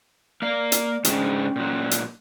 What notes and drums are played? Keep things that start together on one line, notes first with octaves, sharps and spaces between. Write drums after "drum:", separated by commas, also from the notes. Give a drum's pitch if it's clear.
A#3 D5 F5
drum: hi-hat
G#2 C#3 C#4 D4 G5, drum: hi-hat
A#2 F#3
drum: hi-hat